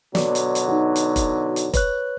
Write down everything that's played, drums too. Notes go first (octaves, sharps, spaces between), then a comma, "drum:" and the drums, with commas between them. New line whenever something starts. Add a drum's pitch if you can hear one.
B2 D3 F#3 D5, drum: snare
drum: hi-hat
drum: hi-hat
D#4 F#4
drum: hi-hat
drum: kick F1, hi-hat
drum: hi-hat
B4 C#5 F#6, drum: kick F1, hi-hat